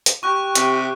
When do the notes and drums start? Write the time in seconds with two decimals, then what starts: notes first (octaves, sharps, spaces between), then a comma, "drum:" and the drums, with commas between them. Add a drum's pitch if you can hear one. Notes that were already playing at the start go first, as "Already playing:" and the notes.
0.06 drum: hi-hat
0.23 G4 C#6 F#6
0.55 C3, drum: hi-hat